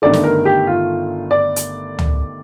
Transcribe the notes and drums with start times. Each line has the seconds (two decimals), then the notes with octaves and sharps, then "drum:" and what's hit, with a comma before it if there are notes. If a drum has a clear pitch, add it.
0.02 G1 G2 D#3 A3 D5
0.13 drum: snare
0.24 A#4
0.45 G4
0.67 F4
1.31 D5
1.56 drum: hi-hat
1.99 drum: tom